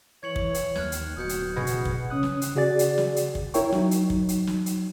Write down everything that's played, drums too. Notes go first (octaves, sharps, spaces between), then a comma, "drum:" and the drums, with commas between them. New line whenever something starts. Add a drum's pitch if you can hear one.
E3 C#5 G#6 C#7 F#7
drum: kick
drum: hi-hat
D#2 F6 F#6 G#6, drum: snare
drum: hi-hat
D1 B2 D#6 G6 C#7
drum: hi-hat
B2 G#4 G#6 C#7
drum: hi-hat
drum: kick
C#3 C#4 D#6 F#6
drum: snare
drum: hi-hat
C#3 F#4 G#4 D5 A6
drum: hi-hat
drum: snare
drum: hi-hat
drum: kick
E4 A#4 C#5 G5 C#6, drum: hi-hat
F#3 D#4, drum: snare
drum: hi-hat
drum: kick
drum: hi-hat
drum: snare
drum: hi-hat